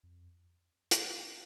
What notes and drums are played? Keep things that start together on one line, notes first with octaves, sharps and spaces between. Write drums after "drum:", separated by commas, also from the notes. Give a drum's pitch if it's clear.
F2
drum: hi-hat